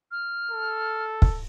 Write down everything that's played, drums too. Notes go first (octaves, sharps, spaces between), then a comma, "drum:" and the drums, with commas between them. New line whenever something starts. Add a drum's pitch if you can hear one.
F6
A4
drum: kick